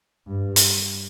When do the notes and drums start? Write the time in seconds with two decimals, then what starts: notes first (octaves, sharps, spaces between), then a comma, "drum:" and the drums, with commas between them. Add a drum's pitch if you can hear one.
0.26 G2
0.56 drum: hi-hat